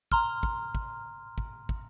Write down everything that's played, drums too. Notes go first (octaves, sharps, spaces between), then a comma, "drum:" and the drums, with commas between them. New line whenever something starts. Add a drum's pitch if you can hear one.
A#5 C6 F6, drum: kick
drum: kick
drum: kick
drum: kick
drum: kick